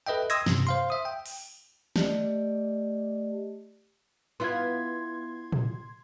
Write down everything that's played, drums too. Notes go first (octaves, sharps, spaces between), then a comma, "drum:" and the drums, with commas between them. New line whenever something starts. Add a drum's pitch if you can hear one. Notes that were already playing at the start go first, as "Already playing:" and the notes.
A4 B4 D#5 E5 G5
C6 D#6 E6 G#6 A#6, drum: hi-hat
G2 C3, drum: snare
C5 F5 C6
E5 D#6
G5
drum: open hi-hat
A3 G4 D5 D#5, drum: snare
B3 E4 F4 C6 G#6
drum: tom